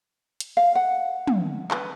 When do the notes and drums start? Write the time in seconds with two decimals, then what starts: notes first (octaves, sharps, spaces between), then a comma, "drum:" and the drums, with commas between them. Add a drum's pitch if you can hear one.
0.40 drum: hi-hat
0.57 F5
0.75 F#5
1.27 drum: tom
1.71 B4, drum: clap